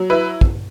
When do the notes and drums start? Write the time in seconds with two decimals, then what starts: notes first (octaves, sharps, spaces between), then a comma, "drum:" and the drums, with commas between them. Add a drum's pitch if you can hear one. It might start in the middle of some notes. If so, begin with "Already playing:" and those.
Already playing: F#3
0.10 E4 B4
0.41 drum: kick